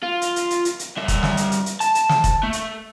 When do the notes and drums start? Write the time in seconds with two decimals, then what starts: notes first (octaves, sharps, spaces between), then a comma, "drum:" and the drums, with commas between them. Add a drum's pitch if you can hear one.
0.03 F4
0.22 drum: hi-hat
0.36 drum: hi-hat
0.50 drum: hi-hat
0.65 drum: hi-hat
0.79 drum: hi-hat
0.97 G2 E5
1.08 drum: kick, hi-hat
1.23 drum: snare
1.37 drum: hi-hat
1.52 drum: hi-hat
1.66 drum: hi-hat
1.80 A5, drum: hi-hat
1.95 drum: hi-hat
2.09 drum: snare
2.24 drum: kick, hi-hat
2.43 A3
2.53 drum: hi-hat